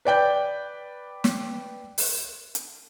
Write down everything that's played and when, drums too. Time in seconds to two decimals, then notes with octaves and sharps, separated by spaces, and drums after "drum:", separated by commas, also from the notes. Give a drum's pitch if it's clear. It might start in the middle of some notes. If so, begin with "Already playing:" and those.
0.05 B4 D5 G5 G6
1.24 drum: snare
1.98 drum: open hi-hat
2.55 drum: hi-hat